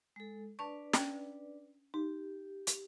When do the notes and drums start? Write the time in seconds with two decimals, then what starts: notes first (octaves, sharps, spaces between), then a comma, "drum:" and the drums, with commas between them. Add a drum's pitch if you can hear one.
0.16 G#3 A4
0.59 D4 B4 D5 A5 C#6
0.93 C#4 G5, drum: snare
1.94 D#4 G4
2.67 drum: hi-hat